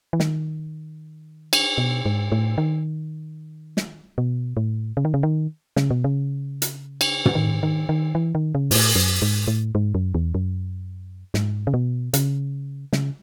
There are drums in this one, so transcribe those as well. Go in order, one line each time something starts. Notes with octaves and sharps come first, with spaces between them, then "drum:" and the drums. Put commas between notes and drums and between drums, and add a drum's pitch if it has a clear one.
E3
D#3, drum: snare
drum: cymbal
B2
G#2
A2
D#3
drum: snare
B2
A2
C#3
D#3
C#3
D#3
C#3, drum: snare
B2
C#3
drum: hi-hat
drum: cymbal
drum: tom
D#3
D#3
D#3
E3
D#3
C#3
G#2, drum: open hi-hat
A2
F#2
G#2
A2
G#2
F#2
E2
F#2
G#2, drum: snare
C#3
B2
C#3, drum: hi-hat
C#3, drum: snare